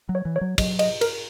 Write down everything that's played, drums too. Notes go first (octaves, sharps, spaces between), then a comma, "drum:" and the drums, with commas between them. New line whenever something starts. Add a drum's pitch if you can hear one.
F#3
C#5
E3
C#5
F#3
F#3 D#5, drum: kick, cymbal
D#5, drum: cymbal
A#4, drum: cymbal